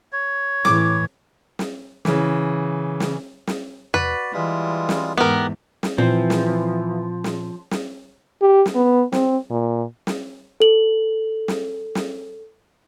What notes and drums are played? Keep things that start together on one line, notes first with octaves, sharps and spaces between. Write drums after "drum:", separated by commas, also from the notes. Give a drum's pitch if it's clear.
C#5
A2 E3 D6, drum: snare
drum: snare
C#3 E3, drum: snare
drum: snare
drum: snare
F#4 B4 D5, drum: tom E2
E3 G3 G#3 F4
drum: snare
E2 G#2 B3 G4 A#4
drum: snare
A#2 E3 F3 C4
drum: snare
drum: snare
drum: snare
G4
drum: snare
B3
C4, drum: snare
A#2
drum: snare
A4 F#7
drum: snare
drum: snare